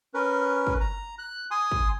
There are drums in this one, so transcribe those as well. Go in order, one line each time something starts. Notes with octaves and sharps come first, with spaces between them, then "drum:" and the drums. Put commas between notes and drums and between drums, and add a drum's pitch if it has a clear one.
C#4 A#4 B4
drum: kick
A#5
F#6
G#5 C6 D#6
drum: kick